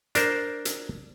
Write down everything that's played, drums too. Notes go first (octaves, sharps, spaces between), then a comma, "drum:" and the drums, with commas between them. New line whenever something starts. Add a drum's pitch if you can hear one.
D4 A#4 C5, drum: hi-hat
drum: hi-hat